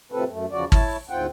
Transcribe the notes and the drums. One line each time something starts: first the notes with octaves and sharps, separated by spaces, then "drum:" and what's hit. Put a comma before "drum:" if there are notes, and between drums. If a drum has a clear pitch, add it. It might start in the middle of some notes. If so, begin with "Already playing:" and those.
A2 C3 F3 C4 A4 B4
F#2 A3
E2 C#3 F3 F#4 D5
E4 C#5 A5, drum: kick G#1
D2 G#2 C4 F4 F#5 G5